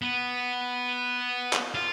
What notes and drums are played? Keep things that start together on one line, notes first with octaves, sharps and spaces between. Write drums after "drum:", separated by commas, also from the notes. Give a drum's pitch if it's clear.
B3
drum: clap
F4